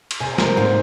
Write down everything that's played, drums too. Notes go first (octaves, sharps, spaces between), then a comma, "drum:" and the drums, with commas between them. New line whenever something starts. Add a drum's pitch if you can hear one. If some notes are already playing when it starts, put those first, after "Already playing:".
drum: cymbal
C3 G#5
C5
A#4, drum: snare
G#2 C5